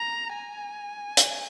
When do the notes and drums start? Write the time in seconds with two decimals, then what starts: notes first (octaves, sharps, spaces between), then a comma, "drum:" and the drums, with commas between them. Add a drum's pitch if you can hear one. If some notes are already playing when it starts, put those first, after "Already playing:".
Already playing: A#5
0.34 G#5
1.17 drum: hi-hat